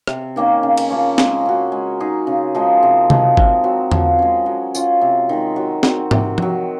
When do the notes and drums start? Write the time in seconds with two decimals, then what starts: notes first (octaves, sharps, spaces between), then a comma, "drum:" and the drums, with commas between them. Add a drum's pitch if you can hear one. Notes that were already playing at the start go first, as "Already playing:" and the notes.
0.07 C3, drum: rim click
0.36 D#3 A#3 C#4
0.63 C#3
0.78 drum: cymbal
0.90 F3 A#3 C#4
1.18 G#3, drum: snare
1.45 C#4 F#4
1.72 G#3
2.00 D#4 G#4
2.27 C#3
2.55 F3 G#3 D#4
2.83 C3
3.10 F3 G#3, drum: tom C3
3.37 C3, drum: kick G#1
3.64 F#3 C4
3.91 F3, drum: tom E2
4.19 G#3 C#4
4.46 F#3
4.75 C#4 F4, drum: tambourine
5.01 C3
5.29 D#3 G#3
5.56 F#3
5.83 C4 F#4, drum: snare
6.11 C3, drum: tom G#2
6.38 D#3 F#3, drum: tom F3